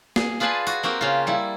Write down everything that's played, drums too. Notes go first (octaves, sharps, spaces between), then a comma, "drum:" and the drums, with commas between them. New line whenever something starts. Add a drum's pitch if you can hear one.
G#4, drum: snare
F4 G#4 B4 D5 G#5 A5
F#4, drum: tambourine
A#3 C4 F#4 G4
C#3 F4
G3 E4